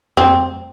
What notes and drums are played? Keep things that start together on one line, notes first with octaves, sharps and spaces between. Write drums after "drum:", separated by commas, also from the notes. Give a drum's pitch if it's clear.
C4, drum: tom F2